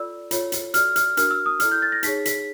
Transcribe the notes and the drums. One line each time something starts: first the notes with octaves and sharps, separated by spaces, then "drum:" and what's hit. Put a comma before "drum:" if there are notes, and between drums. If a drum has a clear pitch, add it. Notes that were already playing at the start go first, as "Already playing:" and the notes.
Already playing: F4 A4 D5 E6
F4 A4 C#5, drum: hi-hat
drum: hi-hat
F#4 A4 D5 F6, drum: hi-hat
F6, drum: hi-hat
D4 F#4 A#4 F6, drum: hi-hat
E6
D#6
E4 A4 D5 F6, drum: hi-hat
G6
A6
A#6
D#4 G#4 C#5 B6, drum: hi-hat
B6, drum: hi-hat